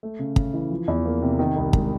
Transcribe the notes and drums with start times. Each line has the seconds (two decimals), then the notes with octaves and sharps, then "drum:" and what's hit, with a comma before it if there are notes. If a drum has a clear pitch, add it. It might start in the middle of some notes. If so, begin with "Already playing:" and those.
0.03 A3
0.19 C#3
0.36 C#3, drum: kick
0.54 E3
0.71 F3
0.88 E2
1.05 A#3
1.22 C3
1.39 D#3
1.56 C2
1.73 G#3, drum: kick